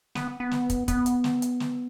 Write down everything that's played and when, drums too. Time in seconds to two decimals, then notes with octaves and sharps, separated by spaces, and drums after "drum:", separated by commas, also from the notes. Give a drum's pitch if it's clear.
0.15 B3, drum: snare
0.40 B3
0.51 drum: snare
0.70 drum: kick, hi-hat
0.88 B3, drum: kick, hi-hat
1.06 drum: hi-hat
1.24 drum: snare
1.42 drum: hi-hat
1.60 drum: snare